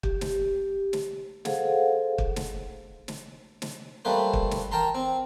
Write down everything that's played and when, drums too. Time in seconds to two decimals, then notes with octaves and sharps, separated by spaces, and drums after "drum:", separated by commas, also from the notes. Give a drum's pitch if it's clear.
0.03 G4, drum: kick
0.21 drum: snare
0.93 drum: snare
1.45 G#4 A4 C5 F5 F#5, drum: snare
2.18 drum: kick
2.36 drum: snare
3.08 drum: snare
3.62 drum: snare
4.05 G3 A3 A#3 B4 C5
4.33 drum: kick
4.51 drum: snare
4.71 A#4 G5 A5 A#5 C6
4.95 C4